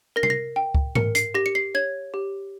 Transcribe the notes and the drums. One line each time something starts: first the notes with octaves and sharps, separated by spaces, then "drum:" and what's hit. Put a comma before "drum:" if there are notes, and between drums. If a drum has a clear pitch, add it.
A#4 A#6
C7, drum: tom C3
A#6
G5
drum: kick
A#4 C#7, drum: tom G#2
C7, drum: hi-hat
G4 A#6
C#7
C7
C#5 G#6
G4